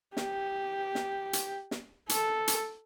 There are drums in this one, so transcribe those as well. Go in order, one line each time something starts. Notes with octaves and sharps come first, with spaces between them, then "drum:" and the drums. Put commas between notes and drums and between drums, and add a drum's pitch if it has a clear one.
G4, drum: snare
drum: snare
drum: hi-hat
drum: snare
A4, drum: hi-hat
drum: hi-hat